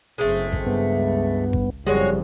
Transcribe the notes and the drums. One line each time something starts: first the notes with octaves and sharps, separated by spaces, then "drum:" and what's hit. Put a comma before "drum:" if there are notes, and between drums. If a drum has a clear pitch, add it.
F#1 G#3 A3 C4
drum: kick G#1
C#2 G2 B3
drum: kick G#1
F#1 F2 G3 G#3 F#4 C#5